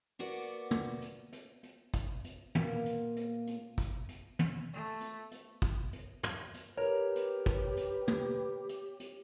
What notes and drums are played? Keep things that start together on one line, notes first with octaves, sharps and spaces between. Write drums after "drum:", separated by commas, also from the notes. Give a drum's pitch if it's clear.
A#3 B3 F#4 D5
drum: tom
drum: hi-hat
drum: hi-hat
drum: hi-hat
drum: kick, hi-hat
drum: hi-hat
A#2 A#3 B3, drum: tom
drum: hi-hat
drum: hi-hat
drum: hi-hat
drum: kick, hi-hat
drum: hi-hat
drum: tom
A3
drum: hi-hat
drum: hi-hat
drum: kick, hi-hat
drum: hi-hat
drum: tom
drum: hi-hat
G4 A#4 B4 C#5
drum: hi-hat
drum: kick, hi-hat
drum: hi-hat
drum: tom
drum: hi-hat
drum: hi-hat